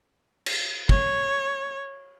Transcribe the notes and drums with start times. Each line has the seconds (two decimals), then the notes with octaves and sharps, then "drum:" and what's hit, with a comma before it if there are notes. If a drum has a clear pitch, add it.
0.46 drum: cymbal
0.89 C#5, drum: kick